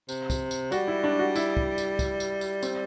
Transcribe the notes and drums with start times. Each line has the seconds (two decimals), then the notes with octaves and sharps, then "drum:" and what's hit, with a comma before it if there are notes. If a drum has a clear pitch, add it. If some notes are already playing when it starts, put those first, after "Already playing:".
0.09 C3, drum: tambourine
0.30 drum: kick, tambourine
0.51 drum: tambourine
0.72 G3 F#4, drum: tambourine
0.88 E4
1.04 D4
1.19 F#4
1.36 E4, drum: tambourine
1.57 drum: kick
1.78 drum: tambourine
1.99 drum: kick, tambourine
2.20 drum: tambourine
2.41 drum: tambourine
2.63 C4, drum: tambourine